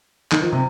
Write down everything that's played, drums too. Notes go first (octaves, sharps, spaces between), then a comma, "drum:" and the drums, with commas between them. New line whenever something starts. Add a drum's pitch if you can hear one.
D#3, drum: clap
F3
C3